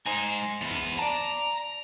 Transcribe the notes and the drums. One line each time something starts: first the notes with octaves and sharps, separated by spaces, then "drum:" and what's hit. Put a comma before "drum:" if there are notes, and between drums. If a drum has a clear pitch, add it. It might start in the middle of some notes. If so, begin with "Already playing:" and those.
G#2 D#4 C5 G#5
drum: open hi-hat
E2 B3
drum: snare
drum: hi-hat
D5 A5 A#5